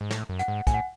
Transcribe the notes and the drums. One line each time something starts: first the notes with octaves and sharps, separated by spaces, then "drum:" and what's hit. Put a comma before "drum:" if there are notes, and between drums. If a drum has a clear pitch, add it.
G#2
A2, drum: snare
F#2
F#5, drum: hi-hat
G#2
A2 G#5, drum: kick, hi-hat
F#5